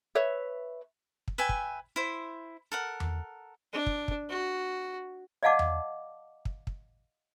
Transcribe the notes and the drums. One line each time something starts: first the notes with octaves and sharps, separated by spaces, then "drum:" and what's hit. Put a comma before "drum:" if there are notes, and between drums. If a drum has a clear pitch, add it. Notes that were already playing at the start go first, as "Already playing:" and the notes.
B4 C#5 E5
drum: kick
B4 E5 G5 G#5
drum: kick
E4 C5
A4 A#4 F#5
drum: tom E2
D4
drum: kick
drum: kick
F#4
D5 D#5 F5 F#5 A5 D6
drum: tom E2
drum: kick
drum: kick